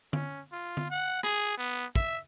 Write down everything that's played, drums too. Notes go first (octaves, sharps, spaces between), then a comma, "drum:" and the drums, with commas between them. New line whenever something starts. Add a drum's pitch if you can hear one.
C#4, drum: tom D3
F4
drum: tom D3
F#5
G#4, drum: rim click
B3
E5, drum: kick